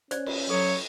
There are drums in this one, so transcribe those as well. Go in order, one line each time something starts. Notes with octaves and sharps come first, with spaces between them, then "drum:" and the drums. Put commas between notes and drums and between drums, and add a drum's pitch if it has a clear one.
C#4 C5 D5, drum: hi-hat
drum: cymbal
F#3 A4 C#5